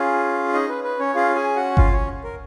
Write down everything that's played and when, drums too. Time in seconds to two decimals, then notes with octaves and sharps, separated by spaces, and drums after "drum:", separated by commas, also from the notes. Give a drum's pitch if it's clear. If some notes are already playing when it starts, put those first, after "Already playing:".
Already playing: C#4 F4 G#4 F5
0.53 D#4 D#5
0.69 B4
0.84 B4
1.00 C#4 C#5
1.15 C#4 F4 G#4 F5
1.35 G#4 G#5
1.56 F#4 F#5
1.77 F4 F5, drum: kick G1
1.92 C#4 C#5
2.24 A#4